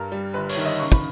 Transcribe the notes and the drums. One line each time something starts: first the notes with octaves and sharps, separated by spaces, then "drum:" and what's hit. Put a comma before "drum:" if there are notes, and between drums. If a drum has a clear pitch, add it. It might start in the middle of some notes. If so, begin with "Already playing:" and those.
Already playing: G2 G3 A#4
G3
G1 B4
C#5, drum: open hi-hat
D#3 E5
D#5
C#3 C#6
B5, drum: kick